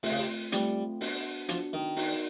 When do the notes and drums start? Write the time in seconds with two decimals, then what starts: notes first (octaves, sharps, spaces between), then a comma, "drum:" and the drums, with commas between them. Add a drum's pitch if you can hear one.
0.03 C3 A3 C4 F4, drum: open hi-hat
0.12 C#3
0.19 C3
0.52 G3 A3 C4 F4, drum: hi-hat
1.01 B3 D4 F#4, drum: open hi-hat
1.49 F3 B3 D4 F#4, drum: hi-hat
1.73 D#3
1.96 B3 D#4 F#4 A#4 D5, drum: open hi-hat